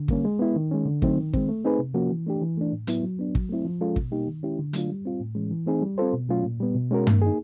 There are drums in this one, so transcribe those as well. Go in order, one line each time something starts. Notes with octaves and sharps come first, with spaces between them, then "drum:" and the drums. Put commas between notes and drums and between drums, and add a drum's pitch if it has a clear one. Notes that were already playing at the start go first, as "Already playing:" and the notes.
Already playing: D3
G3 A#3 C#4, drum: kick
G#3
B3 E4
D#3
G#3 C#4
D3
F#3 A3 C4 D#4, drum: kick
D#3
G#3 C4, drum: kick
A3
C4 D#4 G#4 B4
C3
F3 A#3 C#4 F#4
E3
A3 D4 G4
E3
A3 D4
A2
F#3 B3 E4, drum: hi-hat
F#3
B3 D4
F#3, drum: kick
A3 C4 E4
F3
G#3 C#4 F4 A4
B2, drum: kick
G3 A#3 D#4 G4
D#3
G#3 C#4 E4 G4
D3
F#3 A3 D4 F4, drum: hi-hat
G3
C4 F4
A2
E3 G#3 C#4
E3
A3 C4 D#4 G#4
G3
C4 F4 A4 C5
B2
F#3 A3 C#4 F4
A#2
G3 B3
B2
G#3 C#4 F#4 A#4
A#3, drum: tom G2
D#4 G#4